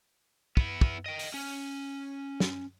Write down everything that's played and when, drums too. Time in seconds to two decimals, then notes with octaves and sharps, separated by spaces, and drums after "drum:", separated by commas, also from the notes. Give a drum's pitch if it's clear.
0.57 B3 E4, drum: kick
0.81 drum: kick
1.06 D#5 G5
1.19 drum: open hi-hat
1.34 C#4
2.40 drum: snare